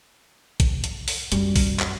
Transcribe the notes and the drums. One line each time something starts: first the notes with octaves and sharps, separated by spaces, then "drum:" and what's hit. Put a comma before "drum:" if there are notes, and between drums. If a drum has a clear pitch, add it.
drum: kick A#1, hi-hat
drum: hi-hat
drum: open hi-hat
F#2 G3, drum: hi-hat
drum: kick A#1, open hi-hat
drum: clap